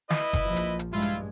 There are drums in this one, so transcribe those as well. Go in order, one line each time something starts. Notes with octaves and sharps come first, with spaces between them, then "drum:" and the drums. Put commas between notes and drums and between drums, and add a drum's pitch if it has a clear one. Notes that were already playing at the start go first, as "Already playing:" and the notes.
E4 B4 D#5, drum: snare
drum: kick F#1, hi-hat
A#1 F3
drum: hi-hat
drum: hi-hat
G2 G#3 E4 F4
drum: hi-hat